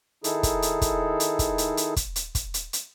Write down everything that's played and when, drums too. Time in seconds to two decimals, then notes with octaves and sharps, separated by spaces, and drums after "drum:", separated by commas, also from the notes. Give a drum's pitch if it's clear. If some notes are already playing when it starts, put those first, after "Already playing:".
0.24 D#3 D#4 E4 G#4 A4, drum: hi-hat
0.43 drum: kick, hi-hat
0.62 drum: hi-hat
0.82 drum: kick, hi-hat
1.20 drum: hi-hat
1.39 drum: kick, hi-hat
1.58 drum: hi-hat
1.77 drum: hi-hat
1.96 drum: kick, hi-hat
2.16 drum: hi-hat
2.35 drum: kick, hi-hat
2.54 drum: hi-hat
2.73 drum: hi-hat